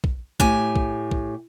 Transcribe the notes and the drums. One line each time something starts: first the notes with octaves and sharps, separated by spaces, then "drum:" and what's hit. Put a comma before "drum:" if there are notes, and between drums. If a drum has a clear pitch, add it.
drum: kick
A2 G4 G#5, drum: kick
drum: kick
drum: kick